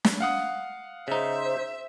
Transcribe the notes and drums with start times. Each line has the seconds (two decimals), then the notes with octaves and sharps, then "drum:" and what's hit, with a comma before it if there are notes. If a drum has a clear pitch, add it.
0.05 drum: snare
0.20 F5 F#5 D#6
1.08 C#3 D#4 C5 E5